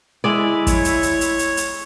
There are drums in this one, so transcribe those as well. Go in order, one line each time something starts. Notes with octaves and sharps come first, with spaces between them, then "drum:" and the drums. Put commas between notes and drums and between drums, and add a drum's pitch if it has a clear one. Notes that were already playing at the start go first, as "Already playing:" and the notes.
G#3 E4 D5
C#5, drum: kick, hi-hat
drum: hi-hat
drum: hi-hat
drum: hi-hat
drum: hi-hat
drum: hi-hat